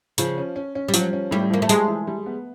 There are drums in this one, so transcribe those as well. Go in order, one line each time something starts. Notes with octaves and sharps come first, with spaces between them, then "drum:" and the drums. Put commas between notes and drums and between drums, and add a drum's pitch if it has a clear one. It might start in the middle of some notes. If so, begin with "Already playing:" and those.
C#3 F3, drum: hi-hat
C#4
C#4
C#4
G3
F3 F#3, drum: hi-hat
C#4
A2 G3
F3 A#3
A3
G3 G#3, drum: hi-hat
E3
G3
B3